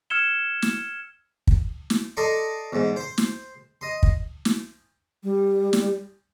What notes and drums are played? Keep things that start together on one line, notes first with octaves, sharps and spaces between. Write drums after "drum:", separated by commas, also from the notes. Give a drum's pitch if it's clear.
E6 F6 G#6 C#7 E7 G7
drum: snare
drum: kick
drum: snare
A4 D5 D#5 A#5 C6 C#6
E2 G#2
C5 C6
drum: snare
D#5 C6
drum: kick
drum: snare
G3
drum: snare